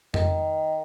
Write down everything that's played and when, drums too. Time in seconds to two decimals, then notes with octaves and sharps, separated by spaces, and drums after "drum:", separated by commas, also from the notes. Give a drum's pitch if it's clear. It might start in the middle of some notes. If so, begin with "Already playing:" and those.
0.14 D#3, drum: tom F2